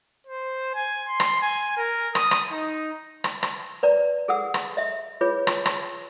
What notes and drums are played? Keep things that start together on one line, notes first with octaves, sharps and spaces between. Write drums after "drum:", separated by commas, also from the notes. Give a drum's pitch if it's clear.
C5
G#5
C6
drum: rim click
G#5
A#4
D#6, drum: rim click
drum: rim click
D#4
drum: rim click
drum: rim click
B4 D5 A#5
G#4 A4 F#5 E6
drum: rim click
D#5 E5
F4 G#4 B4 C#5
drum: rim click
drum: rim click